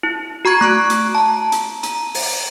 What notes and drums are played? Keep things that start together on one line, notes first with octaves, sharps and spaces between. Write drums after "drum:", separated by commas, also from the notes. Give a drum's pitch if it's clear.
E4
F#4 A#5 C#6 G#6
A3 C#6 F#6 D7
drum: hi-hat
A5 A#5
drum: hi-hat
A#5, drum: hi-hat
drum: open hi-hat